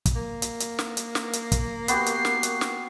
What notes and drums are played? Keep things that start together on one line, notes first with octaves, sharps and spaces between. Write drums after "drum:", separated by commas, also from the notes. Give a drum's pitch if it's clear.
drum: kick, hi-hat
A#3
drum: hi-hat
drum: hi-hat
drum: snare
drum: hi-hat
drum: snare
drum: hi-hat
drum: kick, hi-hat
B3 F#4 G4 C7, drum: hi-hat
drum: hi-hat
drum: snare
drum: hi-hat
drum: snare